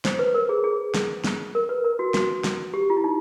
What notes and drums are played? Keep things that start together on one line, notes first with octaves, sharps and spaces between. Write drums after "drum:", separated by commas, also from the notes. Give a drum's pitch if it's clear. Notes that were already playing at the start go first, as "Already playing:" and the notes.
C5, drum: snare
B4
A#4
G#4
G#4
drum: snare
drum: snare
A#4
B4
A#4
F#4
F#4, drum: snare
drum: snare
G4
F4
E4
D#4